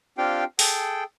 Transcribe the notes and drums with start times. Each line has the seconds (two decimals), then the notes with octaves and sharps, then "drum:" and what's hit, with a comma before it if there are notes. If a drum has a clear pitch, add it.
0.18 C4 D4 F4 G4 F5 G5
0.59 G#4 A4 G5, drum: open hi-hat